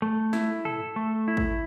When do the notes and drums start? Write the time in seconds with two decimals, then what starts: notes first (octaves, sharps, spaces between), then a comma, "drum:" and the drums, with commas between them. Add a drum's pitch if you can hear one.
0.02 A3
0.33 E4, drum: snare
0.65 A4, drum: tom
0.96 A3
1.28 E4
1.37 drum: kick